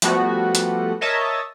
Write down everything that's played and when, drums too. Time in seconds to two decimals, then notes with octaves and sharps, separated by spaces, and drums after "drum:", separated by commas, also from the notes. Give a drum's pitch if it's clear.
0.02 F3 G3 A3 B3 F#4, drum: hi-hat
0.55 drum: hi-hat
1.01 A#4 C#5 D#5 E5 A5